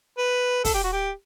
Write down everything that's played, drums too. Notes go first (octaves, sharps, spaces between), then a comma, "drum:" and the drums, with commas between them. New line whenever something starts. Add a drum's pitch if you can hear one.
B4
A4, drum: kick, open hi-hat
G4
F#4
G4